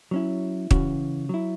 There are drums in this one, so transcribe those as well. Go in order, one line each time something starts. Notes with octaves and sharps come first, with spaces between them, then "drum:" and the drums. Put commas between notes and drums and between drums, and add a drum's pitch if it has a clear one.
F#3 C#4 E4
C#3 E3 C#4 F#4, drum: kick
F#3 E4